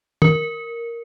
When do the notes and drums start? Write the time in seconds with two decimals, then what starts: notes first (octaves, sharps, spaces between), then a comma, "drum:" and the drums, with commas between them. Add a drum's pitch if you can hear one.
0.22 A#4, drum: tom D#3